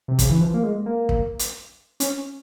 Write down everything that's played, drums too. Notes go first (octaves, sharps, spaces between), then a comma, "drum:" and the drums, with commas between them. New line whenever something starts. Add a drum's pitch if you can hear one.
C3
C#3, drum: kick, hi-hat
E3
F3
A#3
G#3
A#3
drum: kick
drum: hi-hat
C#4, drum: hi-hat